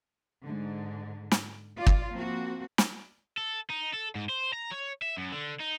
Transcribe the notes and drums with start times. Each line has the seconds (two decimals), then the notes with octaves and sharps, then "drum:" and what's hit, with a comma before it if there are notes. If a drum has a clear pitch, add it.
0.43 G#2 D3
1.31 drum: snare
1.77 F4 D5
1.87 drum: kick
2.11 F3 A#3 C4 F#4
2.78 drum: snare
3.38 A4
3.70 D#4
3.94 A4
4.15 G#2
4.29 C5
4.53 A#5
4.71 C#5
5.02 E5
5.17 F#2
5.32 D3
5.60 D#4